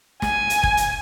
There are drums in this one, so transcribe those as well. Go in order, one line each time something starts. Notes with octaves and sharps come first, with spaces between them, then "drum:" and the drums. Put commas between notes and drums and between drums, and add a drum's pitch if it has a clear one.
G#5, drum: snare
drum: hi-hat
drum: kick
drum: hi-hat